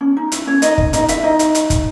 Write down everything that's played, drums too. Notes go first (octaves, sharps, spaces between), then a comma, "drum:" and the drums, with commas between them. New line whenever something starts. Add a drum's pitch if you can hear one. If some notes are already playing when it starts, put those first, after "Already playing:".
C#4
D#4
E4, drum: hi-hat
C#4 C#5
D#4 D#5, drum: hi-hat
drum: kick
D#4 D#5, drum: hi-hat
E4 E5, drum: hi-hat
D#4 D#5
drum: hi-hat
drum: hi-hat
drum: kick, hi-hat